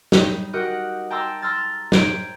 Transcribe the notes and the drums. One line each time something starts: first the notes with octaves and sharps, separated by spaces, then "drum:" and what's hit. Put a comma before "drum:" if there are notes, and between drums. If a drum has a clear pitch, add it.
G3 D#4, drum: snare
F#4 G4 A#4 D#5 F#5 D#6
G5 A5 A#5 C6 D6 E6
A#5 C6 E6 F6 A6
C5 G#6 D7, drum: snare